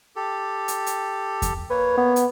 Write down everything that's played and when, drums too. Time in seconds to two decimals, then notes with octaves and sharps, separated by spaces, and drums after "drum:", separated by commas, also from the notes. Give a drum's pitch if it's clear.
0.16 G4 A4
0.68 drum: hi-hat
0.86 drum: hi-hat
1.42 drum: kick E2, hi-hat
1.70 A#3 B4 C#5
1.97 B3
2.16 drum: hi-hat